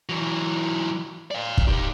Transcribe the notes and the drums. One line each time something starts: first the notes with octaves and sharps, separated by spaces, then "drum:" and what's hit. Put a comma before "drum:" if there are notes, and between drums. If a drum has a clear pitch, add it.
E3 F#3
D5 F5
drum: kick
D#4 G4